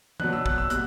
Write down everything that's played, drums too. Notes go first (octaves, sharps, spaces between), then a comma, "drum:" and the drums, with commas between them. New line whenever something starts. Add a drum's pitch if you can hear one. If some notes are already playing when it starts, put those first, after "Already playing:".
B2 F#3 B3 D4 F#6, drum: tom E3
E6
F#6, drum: kick
E6
B2 G3 B3 F#6, drum: hi-hat